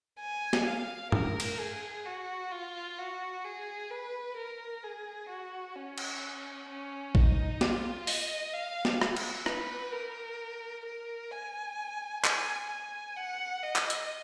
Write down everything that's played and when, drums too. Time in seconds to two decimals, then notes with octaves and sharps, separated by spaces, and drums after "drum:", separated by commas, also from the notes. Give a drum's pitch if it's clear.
0.20 G#5
0.53 drum: snare
0.67 F5
1.12 A#4, drum: tom G2
1.40 drum: cymbal
1.59 G#4
2.06 F#4
2.51 F4
2.98 F#4
3.44 G#4
3.91 B4
4.37 A#4
4.83 G#4
5.29 F#4
5.76 C#4
5.98 drum: cymbal
6.69 C#4
7.15 D#4, drum: kick A1
7.61 F4, drum: snare
8.07 D#5, drum: open hi-hat
8.54 F5
8.85 drum: snare
9.01 drum: rim click
9.17 drum: cymbal
9.46 B4, drum: rim click
9.92 A#4
10.85 A#4
11.31 G#5
12.24 G#5, drum: clap
12.70 G#5
13.17 F#5
13.63 D#5
13.76 drum: clap
13.90 drum: hi-hat